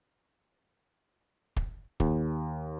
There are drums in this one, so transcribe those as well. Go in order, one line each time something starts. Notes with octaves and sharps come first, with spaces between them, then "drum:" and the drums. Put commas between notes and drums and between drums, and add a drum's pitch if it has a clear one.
drum: kick
D#2, drum: kick